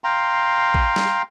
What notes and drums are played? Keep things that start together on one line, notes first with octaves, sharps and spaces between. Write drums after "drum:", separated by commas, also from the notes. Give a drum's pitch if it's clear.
F5 G5 A#5 C6
drum: kick
drum: snare